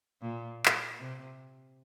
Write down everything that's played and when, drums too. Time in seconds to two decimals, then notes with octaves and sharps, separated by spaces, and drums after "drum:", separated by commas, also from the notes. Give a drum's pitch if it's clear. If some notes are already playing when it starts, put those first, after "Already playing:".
0.21 A#2
0.66 drum: clap
0.99 C3